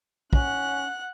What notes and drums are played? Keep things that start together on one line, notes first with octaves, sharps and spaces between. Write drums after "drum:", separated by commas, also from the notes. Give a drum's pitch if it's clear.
C#4 F#5 F#6, drum: kick